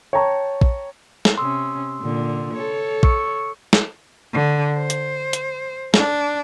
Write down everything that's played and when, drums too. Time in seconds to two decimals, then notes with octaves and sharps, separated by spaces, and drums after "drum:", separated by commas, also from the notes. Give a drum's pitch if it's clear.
0.13 C#5 G5 A5 A#5 C#6
0.61 drum: kick
1.25 drum: snare
1.38 C3 C#4 C6 D#6 E6
2.02 A#2 D3
2.55 A4 C#5
3.03 C#6 E6 C#7, drum: kick
3.73 drum: snare
4.33 D3
4.77 C5
4.90 drum: hi-hat
5.33 drum: hi-hat
5.94 D4, drum: snare